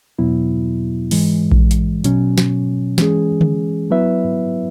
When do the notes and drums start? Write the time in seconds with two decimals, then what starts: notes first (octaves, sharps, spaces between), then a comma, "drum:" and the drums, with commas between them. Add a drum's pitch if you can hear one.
0.19 E2 B2 F#3 B3 E4
1.11 G#2 E3 G#3, drum: open hi-hat
1.52 drum: kick A#1
1.71 drum: hi-hat
2.04 B2 F#3 C#4, drum: hi-hat
2.38 drum: snare
2.98 E3 G#3 C#4 G#4, drum: snare
3.41 drum: tom D3
3.91 F#3 B3 E4 B4 E5